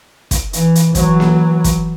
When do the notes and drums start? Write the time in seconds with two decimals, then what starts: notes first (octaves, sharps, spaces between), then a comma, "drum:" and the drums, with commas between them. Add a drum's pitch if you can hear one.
0.31 drum: kick, hi-hat
0.53 E3, drum: hi-hat
0.75 drum: hi-hat
0.95 E3 F#3, drum: kick, hi-hat
1.20 drum: snare A#3
1.64 drum: kick, hi-hat